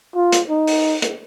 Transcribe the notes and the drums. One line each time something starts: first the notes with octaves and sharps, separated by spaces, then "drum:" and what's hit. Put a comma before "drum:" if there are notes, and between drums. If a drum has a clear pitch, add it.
F4
drum: hi-hat
D#4
drum: open hi-hat
drum: hi-hat